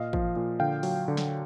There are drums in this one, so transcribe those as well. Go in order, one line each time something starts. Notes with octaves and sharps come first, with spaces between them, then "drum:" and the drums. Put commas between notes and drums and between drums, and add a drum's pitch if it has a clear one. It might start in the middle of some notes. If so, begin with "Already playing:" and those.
Already playing: A#2 D#5 F5
F3, drum: kick
A#2
D3 F5 G5
F#3, drum: open hi-hat
D3
drum: snare